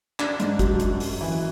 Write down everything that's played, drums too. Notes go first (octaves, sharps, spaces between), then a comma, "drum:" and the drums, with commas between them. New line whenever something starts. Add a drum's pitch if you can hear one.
D4, drum: clap
G#2, drum: hi-hat
F#3, drum: kick, hi-hat
F#2, drum: hi-hat
F#2, drum: open hi-hat
E3